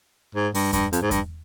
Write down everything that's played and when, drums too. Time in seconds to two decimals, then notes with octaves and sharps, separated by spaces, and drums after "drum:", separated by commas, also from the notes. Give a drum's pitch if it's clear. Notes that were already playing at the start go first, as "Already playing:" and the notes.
0.35 G#2
0.54 G2, drum: open hi-hat
0.73 G2, drum: kick E2, hi-hat
0.93 F2, drum: hi-hat
1.02 G#2
1.11 G2, drum: kick E2, hi-hat